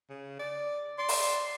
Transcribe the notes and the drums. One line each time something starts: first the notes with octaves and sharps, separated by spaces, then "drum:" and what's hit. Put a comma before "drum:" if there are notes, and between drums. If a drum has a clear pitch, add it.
C#3
D5
D5 C6
drum: open hi-hat